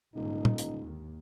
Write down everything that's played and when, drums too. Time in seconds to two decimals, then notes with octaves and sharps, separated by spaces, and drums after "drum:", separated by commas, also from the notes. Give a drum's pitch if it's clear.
0.15 D#1 A#1 G#2 D3 D#4
0.45 drum: tom
0.58 drum: hi-hat
0.80 D#2